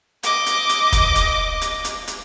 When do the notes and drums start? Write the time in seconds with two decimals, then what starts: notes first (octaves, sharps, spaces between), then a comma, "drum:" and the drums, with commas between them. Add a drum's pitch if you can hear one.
0.23 D#5 D6, drum: hi-hat
0.46 drum: hi-hat
0.69 drum: hi-hat
0.92 drum: kick, hi-hat
1.15 drum: hi-hat
1.61 drum: hi-hat
1.84 drum: hi-hat
2.08 drum: hi-hat